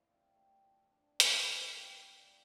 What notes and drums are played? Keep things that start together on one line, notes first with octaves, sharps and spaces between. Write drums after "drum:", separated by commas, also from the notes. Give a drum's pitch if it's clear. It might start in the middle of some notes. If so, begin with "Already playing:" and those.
Already playing: A3 E4 C5 D5 F5
C4 G5
A3
F3
D4
A3 F5, drum: hi-hat
E5
F4 F5
G5
G3 F5
F5
F4 D5
D5